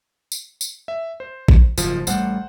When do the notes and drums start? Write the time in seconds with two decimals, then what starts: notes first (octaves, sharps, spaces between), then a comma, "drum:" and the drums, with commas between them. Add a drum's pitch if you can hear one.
0.32 drum: tambourine
0.61 drum: tambourine
0.88 E5
1.20 C5
1.48 drum: kick A#1
1.78 F#1 G#2 F3, drum: tambourine
2.07 A1 G3 A3 C5 F#5, drum: tambourine